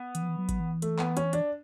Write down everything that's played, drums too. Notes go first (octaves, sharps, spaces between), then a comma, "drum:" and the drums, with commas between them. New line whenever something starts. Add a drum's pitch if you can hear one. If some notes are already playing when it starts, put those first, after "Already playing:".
Already playing: B3
E3, drum: hi-hat
F3
E3
F#3
drum: kick G#1, hi-hat
E3
A3, drum: hi-hat
B3, drum: clap
C#4, drum: hi-hat
D4, drum: hi-hat